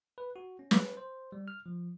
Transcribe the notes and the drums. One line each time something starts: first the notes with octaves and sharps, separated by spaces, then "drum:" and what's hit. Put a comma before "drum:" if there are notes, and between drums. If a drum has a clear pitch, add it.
B4
F#4
C#4
B4, drum: snare
C5
G3
F6
F3